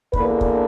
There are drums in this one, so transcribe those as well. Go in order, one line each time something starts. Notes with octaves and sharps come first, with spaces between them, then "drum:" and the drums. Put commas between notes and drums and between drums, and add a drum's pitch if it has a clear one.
E2 D3 A#3 D4 B4, drum: kick
drum: kick